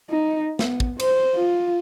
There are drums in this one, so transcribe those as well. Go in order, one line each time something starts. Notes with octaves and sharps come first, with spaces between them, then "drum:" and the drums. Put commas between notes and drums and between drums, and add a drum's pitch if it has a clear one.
D#4
B3, drum: snare
drum: kick
C5, drum: cymbal
F4